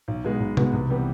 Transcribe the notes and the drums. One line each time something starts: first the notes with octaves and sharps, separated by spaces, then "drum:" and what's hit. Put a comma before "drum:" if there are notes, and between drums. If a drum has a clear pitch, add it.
B1
B2 G#3 B3
B1
B2 G#3 B3, drum: tom B2
C2
C3 E3 G3 B3